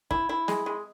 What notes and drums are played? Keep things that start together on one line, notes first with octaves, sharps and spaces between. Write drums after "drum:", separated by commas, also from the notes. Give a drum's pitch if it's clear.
E4, drum: kick
E4
G#3, drum: snare
G#3